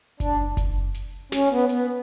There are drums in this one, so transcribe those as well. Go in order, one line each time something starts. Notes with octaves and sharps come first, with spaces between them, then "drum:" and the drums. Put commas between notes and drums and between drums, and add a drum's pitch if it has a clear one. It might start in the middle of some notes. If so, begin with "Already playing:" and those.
D4, drum: kick F#1, hi-hat
drum: kick F#1, hi-hat
drum: hi-hat
C#4, drum: snare
B3
B3, drum: hi-hat